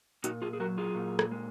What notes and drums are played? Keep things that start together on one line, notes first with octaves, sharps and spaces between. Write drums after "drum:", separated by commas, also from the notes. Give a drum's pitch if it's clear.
A#2 D#4 F#4, drum: hi-hat
F4 G#4
G#4
F#3 F#4 A#4
F4 G#4
A#2
drum: rim click
G#3